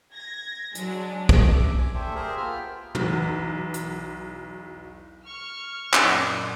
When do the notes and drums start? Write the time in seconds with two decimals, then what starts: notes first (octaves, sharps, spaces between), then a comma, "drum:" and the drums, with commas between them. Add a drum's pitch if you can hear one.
0.12 G#6 A#6
0.75 F#3 G#3 D4, drum: hi-hat
1.29 drum: kick
1.52 E5 D6
1.77 G#5 D6
1.94 A3 D4 G4 A4 C5 E5
2.15 G4 G#4 A#4 C5 E5
2.37 A#3 B3 F4 G5 B5 F6
2.95 B1 E2, drum: tom
3.74 drum: hi-hat
5.27 C#6 F6
5.93 F#2 A#2 D5 D#5 G#5, drum: clap